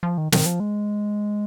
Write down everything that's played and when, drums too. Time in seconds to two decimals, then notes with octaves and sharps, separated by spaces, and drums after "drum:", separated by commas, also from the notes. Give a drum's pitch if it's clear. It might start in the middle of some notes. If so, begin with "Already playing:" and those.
0.03 F3
0.18 D#3
0.32 D#3, drum: snare
0.46 F3
0.60 G#3